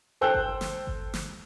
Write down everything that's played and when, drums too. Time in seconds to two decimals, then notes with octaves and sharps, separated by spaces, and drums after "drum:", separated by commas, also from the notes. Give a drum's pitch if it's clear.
0.21 A4 C5 G5 E6 F#6
0.34 drum: kick G1
0.61 drum: snare
0.87 drum: kick G1
1.14 drum: snare